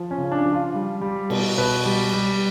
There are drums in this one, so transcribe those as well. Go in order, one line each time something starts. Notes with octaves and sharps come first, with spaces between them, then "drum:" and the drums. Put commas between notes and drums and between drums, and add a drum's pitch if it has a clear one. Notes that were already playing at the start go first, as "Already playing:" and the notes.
Already playing: F3
C#4
C#3
D4
F3
F4
G3
G3
B2, drum: cymbal
B2 B4
G3
G3